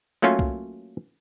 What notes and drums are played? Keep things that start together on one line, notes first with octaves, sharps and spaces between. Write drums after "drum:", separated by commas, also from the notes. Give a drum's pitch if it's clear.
F#3 A3 A#3 C#4 F4
drum: kick C2